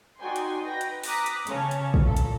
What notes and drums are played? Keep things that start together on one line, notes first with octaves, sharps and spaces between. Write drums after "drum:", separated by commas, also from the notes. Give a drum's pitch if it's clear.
D#4 F#4 D5 G5 G#5 C6
drum: hi-hat
B4 G5 A#6
drum: hi-hat
A#5 D6 D#6 F#6 A#6 B6, drum: open hi-hat
drum: hi-hat
C#3 C#4 C#5 A5, drum: hi-hat
drum: hi-hat
drum: kick
A#2 A4
drum: hi-hat